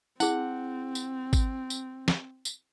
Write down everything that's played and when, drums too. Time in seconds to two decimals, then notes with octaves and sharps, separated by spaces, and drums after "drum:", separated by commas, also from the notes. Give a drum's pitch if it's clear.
0.20 C4 E4 G#4 F#5, drum: tambourine
0.95 drum: tambourine
1.33 drum: kick, tambourine
1.70 drum: tambourine
2.08 drum: snare
2.45 drum: tambourine